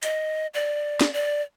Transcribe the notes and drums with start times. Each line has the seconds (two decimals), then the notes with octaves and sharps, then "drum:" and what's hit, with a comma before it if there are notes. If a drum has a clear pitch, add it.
0.03 D#5, drum: hi-hat
0.54 D5
1.01 drum: snare
1.13 D5